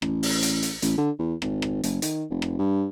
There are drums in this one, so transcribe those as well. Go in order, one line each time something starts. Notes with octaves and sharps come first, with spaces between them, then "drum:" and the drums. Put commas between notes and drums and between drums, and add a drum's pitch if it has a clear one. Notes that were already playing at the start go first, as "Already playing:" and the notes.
A1, drum: rim click
drum: open hi-hat
drum: hi-hat
drum: hi-hat
A1, drum: hi-hat
D3
E2
G#1, drum: rim click
drum: rim click
F#1, drum: hi-hat
D#3, drum: hi-hat
F1
drum: rim click
G2